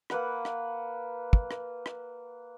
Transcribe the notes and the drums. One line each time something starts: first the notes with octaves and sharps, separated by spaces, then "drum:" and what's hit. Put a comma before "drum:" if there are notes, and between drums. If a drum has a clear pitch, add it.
A#3 B4 F#5, drum: rim click
drum: rim click
drum: kick
drum: rim click
drum: rim click